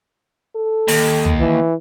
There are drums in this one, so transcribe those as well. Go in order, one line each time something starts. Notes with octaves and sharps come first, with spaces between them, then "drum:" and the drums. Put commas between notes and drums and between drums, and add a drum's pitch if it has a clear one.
A4
D#2, drum: open hi-hat
drum: tom
E3